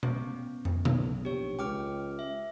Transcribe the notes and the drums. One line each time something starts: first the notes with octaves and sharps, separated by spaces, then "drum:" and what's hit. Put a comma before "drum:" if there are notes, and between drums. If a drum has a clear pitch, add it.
B3 C#4, drum: tom B2
drum: tom
B1, drum: tom B2
A#1 G4 C#5
C#2 G5 D6 F6
E5